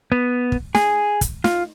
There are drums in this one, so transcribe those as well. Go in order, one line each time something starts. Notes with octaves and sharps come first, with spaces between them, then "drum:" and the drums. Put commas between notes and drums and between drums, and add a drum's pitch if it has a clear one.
B3
drum: kick
G#4, drum: snare
drum: kick, hi-hat
F4, drum: snare